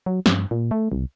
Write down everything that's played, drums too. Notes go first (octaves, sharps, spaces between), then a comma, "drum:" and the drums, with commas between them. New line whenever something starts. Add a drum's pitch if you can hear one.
F#3
G2, drum: snare
A#2
A3
C2